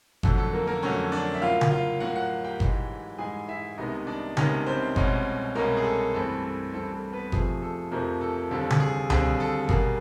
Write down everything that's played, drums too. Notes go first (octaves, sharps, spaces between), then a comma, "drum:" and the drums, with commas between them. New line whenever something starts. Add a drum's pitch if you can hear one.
F2 D3 F#3 A3 A4, drum: kick G1
A4
A#3 A#4
A#3 A#4
F2 D3 F#3 A3 C#4 C#5
D4 D5
E5
A2 F#3 A#3 F4 F5
drum: tom C#3
F4 F5
A2 F#3 A#3 F#4 F#5
F#4 F#5
G4 G5
G#2 E3 G#3, drum: kick G1
G#2 E3 G#3 G#4 G#5
E4 E5
C2 C3 D#3 G#3 B3 D#4 D#5
D4 D5
C2 C3 D#3 G#3 B3 C#4 C#5, drum: tom C#3
C4 C5
C2 B2 G#3 C#4, drum: kick G1
C2 B2 G#3 A#3 C#4 A#4
G#4
A4
G2 E3 A3 C4 A4
A4
G2 E3 A3 C4 A4
A4
B3 B4
F2 C3 F3 A3 G#4, drum: kick G1
A4
F2 C3 F3 A3 A#3 A#4
A4
D#2 D3 G3 C4 A4
drum: tom C#3
G#4
D#2 D3 G3 C4 G#4, drum: tom C#2
A4
B2 G3 A#3 G#4, drum: kick G1